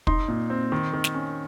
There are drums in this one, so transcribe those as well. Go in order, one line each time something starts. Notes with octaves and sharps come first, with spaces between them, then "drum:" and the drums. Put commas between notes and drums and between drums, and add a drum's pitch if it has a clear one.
D#4 C6, drum: kick
A#2
C4
D#3
D#3
drum: snare
C#4